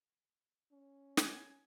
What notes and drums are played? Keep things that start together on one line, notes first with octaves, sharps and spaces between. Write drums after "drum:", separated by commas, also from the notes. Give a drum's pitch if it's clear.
C#4
F#5 G#5 C#6, drum: snare